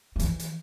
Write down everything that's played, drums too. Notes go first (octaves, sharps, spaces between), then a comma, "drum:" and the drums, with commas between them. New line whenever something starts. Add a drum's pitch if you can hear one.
F3
E3, drum: hi-hat
drum: hi-hat